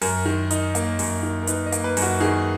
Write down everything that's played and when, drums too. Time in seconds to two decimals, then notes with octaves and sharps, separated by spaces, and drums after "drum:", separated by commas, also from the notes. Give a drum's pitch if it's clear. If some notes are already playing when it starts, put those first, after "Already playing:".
0.02 F#2 A#4, drum: open hi-hat
0.26 D#3
0.51 D#4, drum: hi-hat
0.75 A#3, drum: hi-hat
0.99 F#2, drum: open hi-hat
1.23 D#3
1.42 A#4
1.47 D#4 B4, drum: hi-hat
1.66 D#5
1.72 A#3, drum: hi-hat
1.84 B4
1.97 F#2, drum: open hi-hat
2.02 F#4
2.20 D#3 G#4